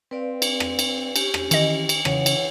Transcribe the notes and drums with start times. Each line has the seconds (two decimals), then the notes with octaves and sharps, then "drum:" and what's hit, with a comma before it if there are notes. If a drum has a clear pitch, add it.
0.11 C4 B4 D5 F5
0.42 drum: cymbal
0.60 drum: rim click
0.79 drum: cymbal
1.16 C#4 G4, drum: cymbal
1.34 drum: rim click
1.51 D#3 E3 D#5, drum: cymbal
1.89 drum: cymbal
2.05 C#3 E3 C#5 F#5, drum: rim click
2.26 drum: cymbal